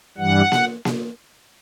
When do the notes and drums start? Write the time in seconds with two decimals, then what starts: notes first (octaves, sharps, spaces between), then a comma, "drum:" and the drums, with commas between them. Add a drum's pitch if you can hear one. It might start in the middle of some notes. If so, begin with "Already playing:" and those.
0.18 G2 E3 G3 F#5
0.52 drum: snare A#3
0.85 drum: snare A#3